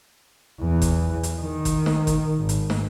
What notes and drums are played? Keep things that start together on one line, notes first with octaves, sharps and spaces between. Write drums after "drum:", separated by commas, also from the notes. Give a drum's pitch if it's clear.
E2 E3
drum: kick G1, hi-hat
drum: hi-hat
D#3
drum: kick G1, hi-hat
drum: snare
drum: kick G1, hi-hat
G#1
drum: hi-hat
drum: snare